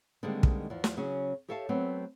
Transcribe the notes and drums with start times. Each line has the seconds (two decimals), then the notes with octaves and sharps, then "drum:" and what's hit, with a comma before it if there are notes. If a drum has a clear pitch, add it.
0.23 D3 D#3 G3 G#3 A#3 C4
0.43 drum: kick
0.70 E2 F3
0.84 drum: snare
0.97 C#3 F#3 C#4 G#4
1.48 G4 A4 C#5 E5 F5 A5
1.69 F#3 A3 B3 C4